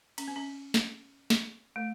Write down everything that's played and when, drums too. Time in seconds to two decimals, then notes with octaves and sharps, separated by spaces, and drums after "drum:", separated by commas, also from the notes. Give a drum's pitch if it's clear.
0.18 C#4, drum: cymbal
0.28 C4
0.36 C#4
0.74 drum: snare
1.30 drum: snare
1.76 A3